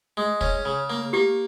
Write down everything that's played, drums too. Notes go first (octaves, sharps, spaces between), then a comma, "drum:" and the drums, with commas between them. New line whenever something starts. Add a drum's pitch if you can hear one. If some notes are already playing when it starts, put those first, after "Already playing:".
G#3
C#4, drum: kick
C#3
A#3
A#3 G4